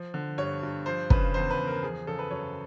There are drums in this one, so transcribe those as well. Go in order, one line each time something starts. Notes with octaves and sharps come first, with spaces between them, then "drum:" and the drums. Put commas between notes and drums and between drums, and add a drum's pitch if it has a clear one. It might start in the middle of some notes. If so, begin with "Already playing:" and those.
Already playing: F3
D3
G2 C#5
G2
F3 C5
C#3 B4, drum: kick
E2 C5
B4
E2
A#4
F3 G#4
C#3 A4
B4
F#2 C#5